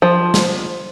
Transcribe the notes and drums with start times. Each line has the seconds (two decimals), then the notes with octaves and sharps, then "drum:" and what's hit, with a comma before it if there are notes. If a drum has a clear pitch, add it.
0.02 F3
0.34 drum: snare